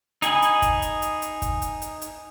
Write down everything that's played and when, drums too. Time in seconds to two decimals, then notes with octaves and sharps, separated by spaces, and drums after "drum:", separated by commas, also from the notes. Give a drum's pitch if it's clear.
0.22 D#4 G#4 G#5 B5, drum: hi-hat
0.42 drum: hi-hat
0.62 drum: kick, hi-hat
0.82 drum: hi-hat
1.02 drum: hi-hat
1.22 drum: hi-hat
1.42 drum: kick, hi-hat
1.62 drum: hi-hat
1.82 drum: hi-hat
2.02 drum: hi-hat